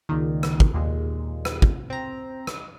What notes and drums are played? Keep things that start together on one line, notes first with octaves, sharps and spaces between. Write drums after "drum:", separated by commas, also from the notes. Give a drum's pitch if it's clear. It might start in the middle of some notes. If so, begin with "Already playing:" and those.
C#2 A#2 D#3
drum: rim click
drum: kick
D#2 A#2 G#3
drum: rim click
drum: kick
C4 A#5
drum: rim click